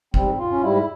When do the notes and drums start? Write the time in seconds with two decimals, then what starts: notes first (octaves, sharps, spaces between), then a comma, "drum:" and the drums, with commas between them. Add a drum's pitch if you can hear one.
0.14 G#2 G3 C4, drum: kick
0.38 F4
0.50 C#4
0.61 G#2 G3 E4